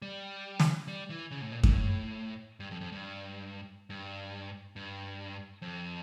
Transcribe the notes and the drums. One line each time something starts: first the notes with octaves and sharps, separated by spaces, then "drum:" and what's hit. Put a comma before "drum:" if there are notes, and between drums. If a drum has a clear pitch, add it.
G3
drum: snare
G3
E3
C#3
A2
A#2
A#2, drum: kick F#2
A2
G2
F2
F2
G2
G2
G2
F2